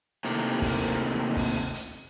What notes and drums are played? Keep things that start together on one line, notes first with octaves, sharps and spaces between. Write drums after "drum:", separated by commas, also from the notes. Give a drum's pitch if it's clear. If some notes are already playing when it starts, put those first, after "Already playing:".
A2 C3 D#3 A#3, drum: hi-hat
drum: kick, open hi-hat
drum: kick, open hi-hat
drum: hi-hat